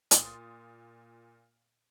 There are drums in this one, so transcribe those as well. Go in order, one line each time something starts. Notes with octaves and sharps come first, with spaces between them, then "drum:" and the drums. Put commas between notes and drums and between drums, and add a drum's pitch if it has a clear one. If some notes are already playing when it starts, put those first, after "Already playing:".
A#2 C6 D#6 A6, drum: hi-hat